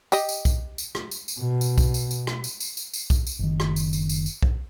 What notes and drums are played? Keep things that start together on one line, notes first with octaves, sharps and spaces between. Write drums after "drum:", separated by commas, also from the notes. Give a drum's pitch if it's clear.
G4 D#5, drum: tambourine
drum: tambourine
drum: kick B1, tambourine
drum: tambourine
drum: rim click
drum: tambourine
drum: tambourine
B2
drum: tambourine
drum: kick B1, tambourine
drum: tambourine
drum: tambourine
drum: rim click
drum: tambourine
drum: tambourine
drum: tambourine
drum: tambourine
drum: kick B1, tambourine
drum: tambourine
F#1 D#3
drum: rim click
drum: tambourine
drum: tambourine
drum: tambourine
drum: tambourine
drum: kick B1